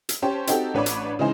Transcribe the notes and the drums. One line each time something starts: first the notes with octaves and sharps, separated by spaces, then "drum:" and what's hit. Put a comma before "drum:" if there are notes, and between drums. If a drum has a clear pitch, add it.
drum: hi-hat
C#4 G4 C5 A5
C4 D#4 F#4 G4 A4, drum: hi-hat
A1 D4 B4 C#5 D5 D6
drum: hi-hat
C#3 E3 G#3 D#4 G#4 C5